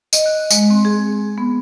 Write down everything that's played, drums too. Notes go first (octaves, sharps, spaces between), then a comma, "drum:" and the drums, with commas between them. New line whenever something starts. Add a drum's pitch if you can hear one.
D#5, drum: tambourine
F#6
G#3, drum: tambourine
C4
G#4
B3